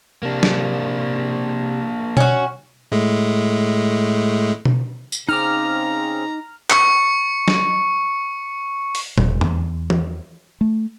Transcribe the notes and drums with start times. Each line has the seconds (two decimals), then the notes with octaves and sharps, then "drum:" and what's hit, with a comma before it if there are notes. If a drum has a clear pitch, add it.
0.23 C3 A#3 D4
0.43 drum: snare
2.17 C#4 F#4, drum: tom B2
2.92 A2 G#3 A3
4.65 drum: tom B2
5.12 drum: tambourine
5.29 C#3 C4 D#4 G#4 A#5 D6 F6
6.70 C#6 C#7, drum: clap
7.48 drum: snare
8.95 drum: open hi-hat
9.18 E1, drum: tom A#2
9.41 E2, drum: tom E2
9.90 drum: tom E3
10.61 A3